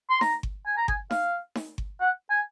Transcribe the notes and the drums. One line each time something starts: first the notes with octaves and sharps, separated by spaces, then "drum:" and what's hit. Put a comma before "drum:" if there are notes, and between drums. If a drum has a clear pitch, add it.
C6
A#5, drum: snare D#4
drum: kick G1
G#5
A#5
G#5, drum: kick G1
F5, drum: snare D#4
drum: snare D#4
drum: kick G1
F#5
G#5